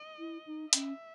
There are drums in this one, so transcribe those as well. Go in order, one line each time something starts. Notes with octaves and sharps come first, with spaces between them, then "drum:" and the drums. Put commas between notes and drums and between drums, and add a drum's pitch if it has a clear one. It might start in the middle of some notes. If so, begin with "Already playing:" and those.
Already playing: D#5
E4
D#4
C#4 E5, drum: hi-hat